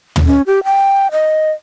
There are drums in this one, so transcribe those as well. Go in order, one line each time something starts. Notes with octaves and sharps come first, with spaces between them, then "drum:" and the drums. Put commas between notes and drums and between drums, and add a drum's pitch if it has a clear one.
drum: tom
C#4
G4
G5
D#5